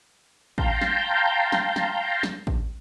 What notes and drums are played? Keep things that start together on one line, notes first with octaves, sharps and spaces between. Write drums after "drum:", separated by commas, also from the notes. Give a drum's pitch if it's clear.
F5 G5 A5 A#5 C6 G6, drum: kick A1
drum: snare
drum: snare
drum: snare
drum: snare
drum: kick A1